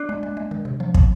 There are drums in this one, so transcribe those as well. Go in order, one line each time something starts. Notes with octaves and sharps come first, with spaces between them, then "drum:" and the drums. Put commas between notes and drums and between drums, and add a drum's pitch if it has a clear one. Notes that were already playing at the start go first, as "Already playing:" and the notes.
Already playing: D4
G#3
G#3
G#3
D#3
C3
F3
F3, drum: kick